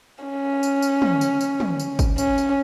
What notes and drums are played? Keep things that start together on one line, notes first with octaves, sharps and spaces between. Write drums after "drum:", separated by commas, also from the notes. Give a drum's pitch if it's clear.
C#4
drum: tambourine
drum: tambourine
drum: tom
drum: tambourine
drum: tambourine
drum: tom
drum: tambourine
drum: kick G1, tambourine
C#4, drum: tambourine
drum: tambourine